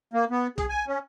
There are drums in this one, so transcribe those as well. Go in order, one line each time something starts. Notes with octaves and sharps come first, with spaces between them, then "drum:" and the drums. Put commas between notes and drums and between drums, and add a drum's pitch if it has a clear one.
A#3
B3
G#4, drum: kick, hi-hat
G#5
C#4